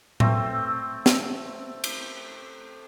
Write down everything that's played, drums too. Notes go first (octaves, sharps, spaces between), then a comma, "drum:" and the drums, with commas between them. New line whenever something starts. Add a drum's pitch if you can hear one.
A3 C4, drum: tom A2
drum: snare
drum: cymbal